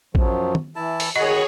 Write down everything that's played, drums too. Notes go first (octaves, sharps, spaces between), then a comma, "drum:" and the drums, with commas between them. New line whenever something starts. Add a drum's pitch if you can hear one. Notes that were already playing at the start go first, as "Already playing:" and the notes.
F#2 F3 F#3, drum: kick A1
drum: tom
E3 E4 A5
drum: open hi-hat
D#3 F#4 G#4 C#5 D#5 F#5 B5